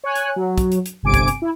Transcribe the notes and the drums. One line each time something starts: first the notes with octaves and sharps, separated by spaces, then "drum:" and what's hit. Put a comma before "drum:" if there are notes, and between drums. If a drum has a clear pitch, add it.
C#5 G#5 F#6
drum: hi-hat
F#3
drum: kick, hi-hat
drum: hi-hat
drum: hi-hat
G1 C3 G#5 D6 D7
drum: kick, hi-hat
drum: hi-hat
E4